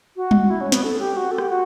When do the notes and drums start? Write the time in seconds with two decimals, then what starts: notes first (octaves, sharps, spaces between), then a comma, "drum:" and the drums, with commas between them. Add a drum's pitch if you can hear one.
0.16 F#4
0.31 drum: tom G3
0.50 E4
0.61 C#4
0.72 B3, drum: snare
0.83 A4
1.00 G4
1.16 F#4
1.31 A4
1.38 G4, drum: rim click
1.50 F#4